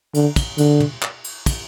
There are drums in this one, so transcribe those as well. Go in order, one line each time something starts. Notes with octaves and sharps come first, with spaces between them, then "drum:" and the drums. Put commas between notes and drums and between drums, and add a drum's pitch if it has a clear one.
D3, drum: cymbal
drum: kick, cymbal
D3, drum: cymbal
drum: tom
drum: clap
drum: cymbal
drum: kick, cymbal